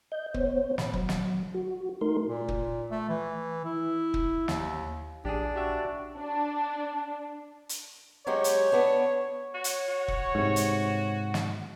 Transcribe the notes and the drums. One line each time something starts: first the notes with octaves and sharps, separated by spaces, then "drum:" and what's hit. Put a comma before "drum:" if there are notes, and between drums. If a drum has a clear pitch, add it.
D#5 G6
B3 C5 C#5, drum: kick
A#2 B5, drum: snare
F#3, drum: kick
drum: snare
F#4
A3 D#4 A#4 C6
A#2
drum: kick
A3
E3
E4
drum: kick
D#2, drum: snare
A#1 D4 G4 G#4
F#4 G4 E5
D4
drum: hi-hat
F#3 G#3 G4 C#5
drum: hi-hat
B3 D4
F#4 C#5
drum: hi-hat
F#4
drum: kick
G#2 C3
drum: hi-hat
drum: snare